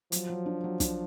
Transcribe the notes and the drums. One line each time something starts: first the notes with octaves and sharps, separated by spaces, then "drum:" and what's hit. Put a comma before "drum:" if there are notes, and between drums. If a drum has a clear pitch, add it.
F3 F#3, drum: hi-hat
F#3
D4
F#3
D4, drum: kick, hi-hat